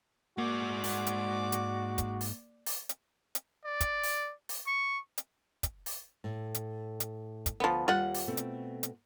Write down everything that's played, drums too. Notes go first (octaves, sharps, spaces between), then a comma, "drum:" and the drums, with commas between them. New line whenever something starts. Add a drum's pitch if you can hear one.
G#2 A#3 F#4 D5 F#5 D6
drum: open hi-hat
drum: hi-hat
drum: hi-hat
drum: kick, hi-hat
drum: open hi-hat
drum: open hi-hat
drum: hi-hat
drum: hi-hat
D5
drum: kick, hi-hat
drum: open hi-hat
drum: open hi-hat
C#6
drum: hi-hat
drum: kick, hi-hat
drum: open hi-hat
A2
drum: hi-hat
drum: hi-hat
drum: kick, hi-hat
D2 F3 B3
D#2 G3 F4 F#5
drum: open hi-hat
B2 A3 C4
drum: hi-hat
drum: hi-hat